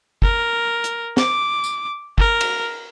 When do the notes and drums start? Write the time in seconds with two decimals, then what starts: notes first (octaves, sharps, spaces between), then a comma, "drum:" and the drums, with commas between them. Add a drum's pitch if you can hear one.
0.22 A#4, drum: kick
0.84 drum: hi-hat
1.17 D6, drum: snare
1.64 drum: tambourine
2.18 A#4, drum: kick
2.41 drum: cymbal